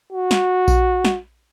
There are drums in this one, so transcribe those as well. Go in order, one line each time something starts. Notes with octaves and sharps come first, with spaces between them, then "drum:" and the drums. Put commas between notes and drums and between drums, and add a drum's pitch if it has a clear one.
F#4
drum: snare
drum: kick A#1, tambourine
drum: snare